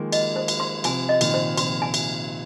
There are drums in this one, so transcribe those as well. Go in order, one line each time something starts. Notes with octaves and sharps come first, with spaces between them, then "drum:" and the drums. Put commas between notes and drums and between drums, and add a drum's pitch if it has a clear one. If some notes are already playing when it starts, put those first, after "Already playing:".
Already playing: D#3 F3 G#3 A#3 G#5
D#5, drum: cymbal
C5
drum: cymbal
C6
C3 F3 G#5, drum: cymbal
D#5
A#2 D#3, drum: cymbal
C5
C3 F3 C6, drum: cymbal
G#5
drum: cymbal